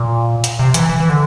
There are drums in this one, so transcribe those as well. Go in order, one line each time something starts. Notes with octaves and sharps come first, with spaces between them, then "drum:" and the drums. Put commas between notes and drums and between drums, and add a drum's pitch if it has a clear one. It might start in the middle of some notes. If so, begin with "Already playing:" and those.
Already playing: A#2
drum: hi-hat
C3
E3, drum: hi-hat
E3
E3
D3